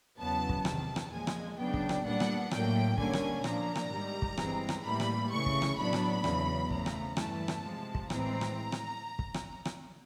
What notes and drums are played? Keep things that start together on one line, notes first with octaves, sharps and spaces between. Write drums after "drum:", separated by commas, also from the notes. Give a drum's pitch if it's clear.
E2 C#3 F#3 B3 A5
drum: kick
E2 C3 D#3 A5, drum: rim click
drum: rim click
A#2 F3 G#3 G#5
drum: rim click
C#3 F#3 B3 D4 G5
drum: kick
drum: rim click
A#2 G3 B3 D4 F#5
drum: rim click
A2 F#3 A#3 G5, drum: rim click
D3 G3 A#3 C#4 G#5, drum: kick
drum: rim click
A#2 F3 A#3 D4 A#5, drum: rim click
drum: rim click
G#2 D#3 G3
drum: kick
G2 E3 G#3 C4, drum: rim click
drum: rim click
A2 E3 G3 A#3 B5
drum: rim click
C#3 E3 A3 C#6
drum: kick
drum: rim click
A2 F#3 B3 D4 B5
drum: rim click
E2 C#3 F#3, drum: rim click
C#3 F3 A3 A#5, drum: kick
drum: rim click
G2 E3 A3 A5, drum: rim click
drum: rim click
C3 F3 G#3
drum: kick
A2 E3 G#3 C4 A#5, drum: rim click
drum: rim click
drum: rim click
drum: kick
drum: rim click
drum: rim click